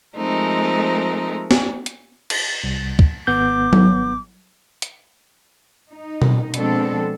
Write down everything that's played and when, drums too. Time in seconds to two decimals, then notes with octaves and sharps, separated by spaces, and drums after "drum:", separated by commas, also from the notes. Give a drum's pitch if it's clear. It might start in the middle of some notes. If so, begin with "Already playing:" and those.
0.17 F3 G#3 A3 C4 D#4 A#4
1.51 drum: snare
1.86 drum: hi-hat
2.30 drum: cymbal
2.64 C2
2.99 drum: kick
3.27 G#1 B3 D6 G6
3.73 drum: tom F#3
4.82 drum: hi-hat
5.91 D#4
6.22 drum: tom B2
6.54 B2 F3 G#3 C4 D4 A4, drum: hi-hat